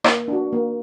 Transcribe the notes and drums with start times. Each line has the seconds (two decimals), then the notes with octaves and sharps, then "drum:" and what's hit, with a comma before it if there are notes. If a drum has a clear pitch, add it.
0.04 A#3, drum: rim click
0.28 D4 F#4
0.53 A#3